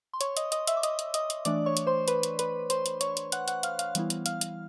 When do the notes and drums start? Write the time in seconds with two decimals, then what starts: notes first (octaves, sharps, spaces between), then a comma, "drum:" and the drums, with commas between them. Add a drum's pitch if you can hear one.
0.13 C6
0.21 C#5 C#6, drum: hi-hat
0.37 D#5 D#6, drum: hi-hat
0.52 D#5 D#6, drum: hi-hat
0.67 E5 E6, drum: hi-hat
0.77 D6
0.83 D#5 D#6, drum: hi-hat
0.99 drum: hi-hat
1.14 D#5 D#6, drum: hi-hat
1.30 drum: hi-hat
1.45 E3 A3 D4 D5 D6, drum: hi-hat
1.66 C#5 C#6
1.77 drum: hi-hat
1.87 C5 C6
2.08 B4 B5, drum: hi-hat
2.23 drum: hi-hat
2.39 B4 B5, drum: hi-hat
2.70 C5 C6, drum: hi-hat
2.86 drum: hi-hat
3.01 C#5 C#6, drum: hi-hat
3.17 drum: hi-hat
3.32 F#5 F#6, drum: hi-hat
3.48 F#5 F#6, drum: hi-hat
3.63 F5 F6, drum: hi-hat
3.79 F5 F6, drum: hi-hat
3.95 E3 G3 B3 E4, drum: hi-hat
4.10 drum: hi-hat
4.26 F5 F6, drum: hi-hat
4.41 drum: hi-hat